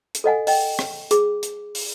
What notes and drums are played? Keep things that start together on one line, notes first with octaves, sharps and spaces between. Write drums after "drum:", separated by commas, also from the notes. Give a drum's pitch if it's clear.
drum: hi-hat
A4 D#5 F#5 G#5
D#5 G5, drum: open hi-hat
drum: rim click
G#4 D6, drum: hi-hat
drum: hi-hat
drum: open hi-hat